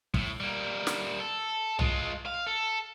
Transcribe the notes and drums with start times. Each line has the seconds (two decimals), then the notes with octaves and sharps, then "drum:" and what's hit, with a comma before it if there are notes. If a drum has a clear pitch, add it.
0.14 A2, drum: kick
0.40 G3 A#3
0.87 drum: snare
1.20 A4
1.79 G#3 F4, drum: tom
2.26 F5
2.46 A4